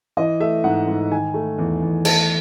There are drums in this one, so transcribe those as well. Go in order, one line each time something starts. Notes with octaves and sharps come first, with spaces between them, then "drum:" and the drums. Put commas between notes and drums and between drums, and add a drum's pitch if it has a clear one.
E3 D#5
A3 E5
G#2 F#5
G#2
D#3 G#5
A3
E2
E2
A3 A5, drum: cymbal